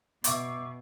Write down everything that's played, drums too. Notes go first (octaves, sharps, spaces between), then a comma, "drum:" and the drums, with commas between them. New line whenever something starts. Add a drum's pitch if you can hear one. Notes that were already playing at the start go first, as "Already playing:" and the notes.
B2 E5 C#6 D6, drum: hi-hat